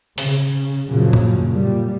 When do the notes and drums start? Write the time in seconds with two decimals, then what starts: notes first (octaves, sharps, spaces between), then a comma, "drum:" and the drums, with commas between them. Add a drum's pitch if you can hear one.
0.18 C#3, drum: open hi-hat
0.87 F#2 A#2 C#3 F3 F#3
1.13 drum: tom A2
1.52 A#2 G3